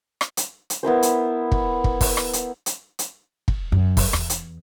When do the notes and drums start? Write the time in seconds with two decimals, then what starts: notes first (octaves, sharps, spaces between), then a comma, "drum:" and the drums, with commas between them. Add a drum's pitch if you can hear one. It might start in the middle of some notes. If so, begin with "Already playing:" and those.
0.21 drum: rim click
0.37 drum: hi-hat
0.70 drum: hi-hat
0.83 B3 E4 A#4 C5
1.03 drum: hi-hat
1.52 drum: kick
1.84 drum: kick
2.01 drum: kick, open hi-hat
2.17 drum: rim click
2.33 drum: hi-hat
2.66 drum: hi-hat
2.99 drum: hi-hat
3.48 drum: kick
3.72 F#2
3.97 drum: kick, open hi-hat
4.13 E2, drum: rim click
4.30 drum: hi-hat